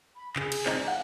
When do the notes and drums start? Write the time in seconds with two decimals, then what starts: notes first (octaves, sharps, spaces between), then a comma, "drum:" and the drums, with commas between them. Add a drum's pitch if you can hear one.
0.16 B5
0.36 C#3 G#4, drum: clap
0.52 drum: cymbal
0.66 C4 D4 D#4, drum: clap
0.88 F5 F#5 G#5